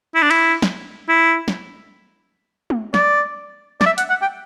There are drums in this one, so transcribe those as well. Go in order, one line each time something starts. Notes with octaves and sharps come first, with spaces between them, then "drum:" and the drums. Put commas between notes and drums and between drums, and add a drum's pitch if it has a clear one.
E4
D4
E4, drum: cymbal
drum: snare
E4
drum: snare
drum: tom
D5, drum: snare
D5, drum: snare
E5
F#5, drum: hi-hat
F#5
G5